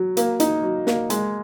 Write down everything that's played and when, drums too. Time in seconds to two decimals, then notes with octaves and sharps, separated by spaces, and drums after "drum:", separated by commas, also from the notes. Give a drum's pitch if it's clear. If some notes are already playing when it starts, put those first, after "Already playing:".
Already playing: F#3
0.17 A#3, drum: hi-hat
0.40 D#4, drum: hi-hat
0.63 F#3
0.87 A#3, drum: snare
1.10 G#3, drum: hi-hat